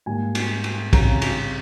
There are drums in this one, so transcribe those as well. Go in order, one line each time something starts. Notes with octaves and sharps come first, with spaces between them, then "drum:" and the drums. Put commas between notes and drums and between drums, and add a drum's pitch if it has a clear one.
G#2 G3 A#3 G#5
drum: cymbal
drum: cymbal
C#3 G3 C4 A#5, drum: kick, cymbal
drum: cymbal